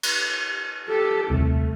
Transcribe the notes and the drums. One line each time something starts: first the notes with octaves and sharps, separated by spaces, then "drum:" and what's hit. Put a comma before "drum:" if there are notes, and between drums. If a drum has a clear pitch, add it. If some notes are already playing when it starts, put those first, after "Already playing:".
drum: cymbal
G4 A4
D#1 C2 A3